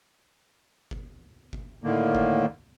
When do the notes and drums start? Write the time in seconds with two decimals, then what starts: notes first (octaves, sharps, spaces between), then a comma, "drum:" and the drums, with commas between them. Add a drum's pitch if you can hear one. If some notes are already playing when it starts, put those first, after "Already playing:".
0.91 drum: kick G1
1.53 drum: kick G1
1.84 A2 D3 D#3 A#3
2.15 drum: kick G1